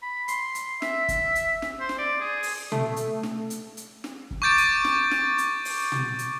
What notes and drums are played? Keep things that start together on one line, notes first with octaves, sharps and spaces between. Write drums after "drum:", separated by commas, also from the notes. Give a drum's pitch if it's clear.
B5
C6, drum: hi-hat
drum: hi-hat
E5, drum: snare
drum: kick, hi-hat
drum: hi-hat
drum: snare
C5
drum: snare
D5
G#4
drum: open hi-hat
A3, drum: tom
drum: hi-hat
drum: snare
drum: hi-hat
drum: hi-hat
drum: snare
drum: kick
C#6 D6 G6 A6 D7
drum: hi-hat
drum: snare
drum: snare
drum: hi-hat
drum: open hi-hat
drum: tom
drum: hi-hat